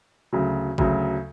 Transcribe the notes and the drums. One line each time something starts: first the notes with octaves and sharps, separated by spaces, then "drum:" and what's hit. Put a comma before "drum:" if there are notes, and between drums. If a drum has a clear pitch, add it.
D2 C#3 F#3
D2 C#3 F#3, drum: kick A1